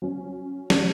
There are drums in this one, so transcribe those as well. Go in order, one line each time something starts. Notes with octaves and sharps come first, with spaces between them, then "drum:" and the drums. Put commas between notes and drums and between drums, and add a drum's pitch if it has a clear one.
F#3 C#4
drum: snare